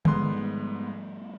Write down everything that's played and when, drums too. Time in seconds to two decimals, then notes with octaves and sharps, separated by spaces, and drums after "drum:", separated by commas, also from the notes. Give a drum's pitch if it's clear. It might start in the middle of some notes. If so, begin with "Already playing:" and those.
0.05 G#2 F3 G3 A3 B3 C6, drum: tom D3